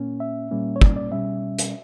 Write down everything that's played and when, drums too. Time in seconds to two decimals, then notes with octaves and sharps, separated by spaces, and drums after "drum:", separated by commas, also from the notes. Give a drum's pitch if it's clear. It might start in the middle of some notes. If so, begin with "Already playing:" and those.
Already playing: A#2 A#3 C#4
0.20 E5
0.51 A#2 G3 A#3 C#4
0.76 C#5
0.81 D5, drum: kick
0.96 D5
1.12 B2 G3 C#4 E5
1.59 drum: hi-hat